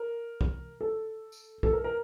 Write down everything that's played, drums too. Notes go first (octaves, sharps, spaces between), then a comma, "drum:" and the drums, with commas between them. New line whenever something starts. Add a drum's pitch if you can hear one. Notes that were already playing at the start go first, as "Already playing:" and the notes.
Already playing: A#4
drum: kick
A4
drum: tambourine
A4, drum: kick
A#4
A#4